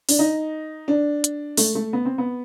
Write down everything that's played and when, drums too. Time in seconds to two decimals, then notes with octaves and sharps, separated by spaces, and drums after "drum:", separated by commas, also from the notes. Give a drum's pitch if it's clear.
0.09 D4, drum: open hi-hat
0.19 D#4
0.88 D4
1.24 drum: hi-hat
1.57 A3, drum: open hi-hat
1.75 A3
1.93 B3
2.05 C4
2.18 B3